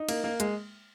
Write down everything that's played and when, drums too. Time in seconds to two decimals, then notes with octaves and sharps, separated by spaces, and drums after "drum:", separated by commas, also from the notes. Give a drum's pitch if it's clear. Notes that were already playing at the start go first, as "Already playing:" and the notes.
Already playing: D#4
0.09 A#3, drum: cymbal
0.24 A#3
0.40 G#3, drum: hi-hat